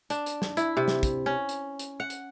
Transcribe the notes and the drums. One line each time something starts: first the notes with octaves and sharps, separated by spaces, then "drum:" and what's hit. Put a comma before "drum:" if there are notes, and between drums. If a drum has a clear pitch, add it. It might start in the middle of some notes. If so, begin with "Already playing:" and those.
D4, drum: hi-hat
drum: hi-hat
drum: snare
E4, drum: hi-hat
C3
drum: snare
drum: kick, hi-hat
C#4
drum: hi-hat
drum: hi-hat
F#5
drum: hi-hat